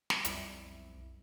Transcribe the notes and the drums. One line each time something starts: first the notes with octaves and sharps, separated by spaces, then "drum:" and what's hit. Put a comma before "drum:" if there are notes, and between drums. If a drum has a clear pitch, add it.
drum: snare
B1 F2 G3 E4, drum: hi-hat